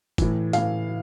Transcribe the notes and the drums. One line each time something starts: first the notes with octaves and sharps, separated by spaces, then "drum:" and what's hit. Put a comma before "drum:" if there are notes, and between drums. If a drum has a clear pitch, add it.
A2 E3, drum: kick, hi-hat
A2 E3 F5, drum: hi-hat